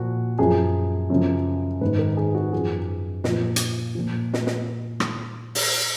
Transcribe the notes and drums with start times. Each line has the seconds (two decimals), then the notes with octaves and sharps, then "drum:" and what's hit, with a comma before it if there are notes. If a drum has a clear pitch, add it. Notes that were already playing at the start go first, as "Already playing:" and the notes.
Already playing: A#2 F3 F#4
0.38 F#2 F3 G#4
1.10 F#2 C#3 F3
1.81 G#2 D#3 B4
1.99 A#4
2.17 G#4
2.35 F#4
2.53 F#2 F3 G#4
3.24 A#2 F3, drum: snare
3.56 drum: hi-hat
3.95 A#2 F3
4.34 drum: snare
4.47 drum: snare
5.00 drum: rim click
5.55 drum: open hi-hat